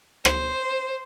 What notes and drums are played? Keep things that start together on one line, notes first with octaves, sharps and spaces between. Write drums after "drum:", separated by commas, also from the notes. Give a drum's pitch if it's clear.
C5, drum: rim click